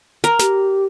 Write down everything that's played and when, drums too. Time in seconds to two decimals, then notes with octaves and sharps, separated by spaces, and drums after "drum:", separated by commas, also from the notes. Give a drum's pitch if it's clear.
0.24 A#4, drum: hi-hat
0.39 G4, drum: snare